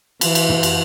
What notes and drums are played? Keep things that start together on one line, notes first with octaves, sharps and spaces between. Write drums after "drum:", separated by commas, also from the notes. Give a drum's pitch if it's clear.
E3, drum: cymbal
drum: cymbal
drum: tom
drum: cymbal